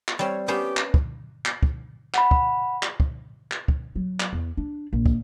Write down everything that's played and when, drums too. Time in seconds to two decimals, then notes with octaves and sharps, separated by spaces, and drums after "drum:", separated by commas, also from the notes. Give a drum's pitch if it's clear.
0.08 drum: clap
0.19 G3 C4 C#5
0.48 B3 C#4 G4 C5
0.77 drum: clap
0.94 drum: kick
1.45 drum: clap
1.63 drum: kick
2.14 F#5 B5, drum: clap
2.31 drum: kick
2.83 drum: clap
3.00 drum: kick
3.51 drum: clap
3.68 drum: kick
3.96 F#3
4.20 drum: clap
4.33 E2
4.57 D4
4.93 A#1
5.06 drum: kick